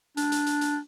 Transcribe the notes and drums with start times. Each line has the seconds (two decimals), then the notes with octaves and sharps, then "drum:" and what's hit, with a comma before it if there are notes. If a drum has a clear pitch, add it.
0.17 D4, drum: hi-hat
0.32 drum: hi-hat
0.46 drum: hi-hat
0.61 drum: hi-hat